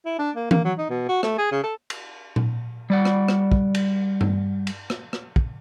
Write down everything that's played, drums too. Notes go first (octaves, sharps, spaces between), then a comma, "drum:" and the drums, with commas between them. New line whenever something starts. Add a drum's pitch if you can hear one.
E4
D4
A#3
A#3, drum: tom E3
F#3
D#4
B2
F#4
A3, drum: rim click
G#4
C#3
A4
drum: cymbal
drum: tom A#2
G3 D5 F#5
drum: rim click
drum: rim click
drum: kick
drum: cymbal
drum: tom G2
drum: cymbal
drum: rim click
drum: rim click
drum: kick